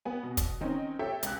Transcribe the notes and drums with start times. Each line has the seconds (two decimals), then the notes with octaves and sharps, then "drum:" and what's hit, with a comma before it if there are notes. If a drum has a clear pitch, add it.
0.05 B3 G#5
0.23 B2
0.37 drum: kick, hi-hat
0.61 D#3 C4 C#4 D#4
0.99 G4 A4 C#5 E5 G5
1.23 C#2 F#6, drum: hi-hat